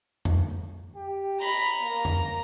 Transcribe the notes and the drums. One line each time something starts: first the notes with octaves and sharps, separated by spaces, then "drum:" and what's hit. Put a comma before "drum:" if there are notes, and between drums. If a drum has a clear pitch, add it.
drum: tom F2
G4
A#5 B5, drum: open hi-hat
A#3
drum: tom F2